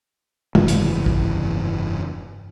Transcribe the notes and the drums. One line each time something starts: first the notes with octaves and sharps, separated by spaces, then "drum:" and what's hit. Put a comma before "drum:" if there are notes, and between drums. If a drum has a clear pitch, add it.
F1 G2 C#3 E3, drum: tom
drum: hi-hat
drum: kick